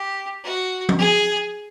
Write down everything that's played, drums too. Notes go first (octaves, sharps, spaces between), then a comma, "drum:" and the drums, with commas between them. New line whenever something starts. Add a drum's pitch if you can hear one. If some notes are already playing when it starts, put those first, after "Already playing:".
Already playing: G4
F#4
drum: tom F3
G#4